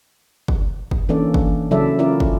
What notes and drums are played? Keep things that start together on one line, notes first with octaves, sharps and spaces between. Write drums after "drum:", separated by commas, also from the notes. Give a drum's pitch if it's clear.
drum: kick
drum: kick
E3 A#3 C#4 D4 A4 D5
drum: kick
C#3 F#3 E4 A4 D5 E5
C#4 E4 F4 A4 A#4 D5
drum: kick